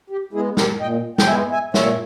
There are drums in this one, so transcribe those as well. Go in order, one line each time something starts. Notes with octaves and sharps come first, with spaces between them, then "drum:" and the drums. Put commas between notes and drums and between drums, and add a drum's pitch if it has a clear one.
G4
G#3 B3 E4 G#4
G4 A#4, drum: snare
A#2 D#5 G5
G5, drum: snare
G#3 B3 E5 G#5
E5 G#5
A#2 C#5 E5, drum: snare